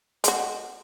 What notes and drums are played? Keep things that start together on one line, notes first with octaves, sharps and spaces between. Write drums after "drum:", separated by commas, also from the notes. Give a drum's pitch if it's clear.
G#3 F#4, drum: hi-hat